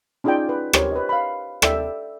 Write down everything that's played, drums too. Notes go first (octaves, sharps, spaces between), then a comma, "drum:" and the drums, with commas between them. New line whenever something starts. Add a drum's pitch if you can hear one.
C#4 D#4 F4 G#4 D5 G5
B4
G4 A#4 C5 C#5, drum: rim click
B4 D#5
F5 B5
A4 D5 E5 G5, drum: rim click